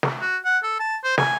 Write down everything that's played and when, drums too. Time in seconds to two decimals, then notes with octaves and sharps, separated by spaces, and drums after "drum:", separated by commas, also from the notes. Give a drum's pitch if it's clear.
0.03 drum: snare
0.22 F#4
0.45 F#5
0.63 A4
0.80 A5
1.04 C5
1.18 G#5, drum: snare